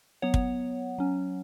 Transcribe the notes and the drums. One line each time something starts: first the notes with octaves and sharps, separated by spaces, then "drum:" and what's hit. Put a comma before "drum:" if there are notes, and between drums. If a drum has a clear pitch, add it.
F#3 B3 C#5 F#5
drum: kick
F#3 C#4